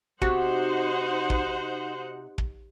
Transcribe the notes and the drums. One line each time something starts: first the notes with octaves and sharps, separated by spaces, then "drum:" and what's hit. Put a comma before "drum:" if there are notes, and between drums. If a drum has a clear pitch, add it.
C3 D#4 F#4 C5 F#5, drum: kick
drum: kick
drum: kick